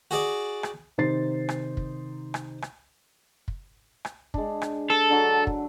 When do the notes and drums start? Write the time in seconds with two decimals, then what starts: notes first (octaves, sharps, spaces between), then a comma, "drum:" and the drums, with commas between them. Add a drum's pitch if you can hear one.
0.11 F#4 G#4 D5
0.63 drum: rim click
0.98 C3 D#3 D#4 C5 A6 C7
1.49 drum: rim click
1.77 drum: kick
2.34 drum: rim click
2.62 drum: rim click
3.48 drum: kick
4.05 drum: rim click
4.34 G#3 D4, drum: kick
4.62 drum: rim click
4.90 A4
5.10 D3 F#3
5.47 drum: kick